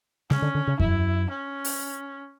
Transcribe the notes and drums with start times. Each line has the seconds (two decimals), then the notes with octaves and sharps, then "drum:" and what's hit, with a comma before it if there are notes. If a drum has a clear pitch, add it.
0.30 C#3 C#4, drum: snare
0.42 D3
0.55 D3
0.68 C#3
0.79 F#2 E4, drum: kick E2
1.30 C#4
1.64 drum: open hi-hat